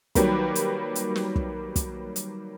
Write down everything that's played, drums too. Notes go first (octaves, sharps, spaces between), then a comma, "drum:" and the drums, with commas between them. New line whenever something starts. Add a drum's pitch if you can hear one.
D#3 F#3 G3 A#3 B4, drum: kick, hi-hat
drum: hi-hat
drum: hi-hat
drum: snare
drum: kick
drum: kick, hi-hat
drum: hi-hat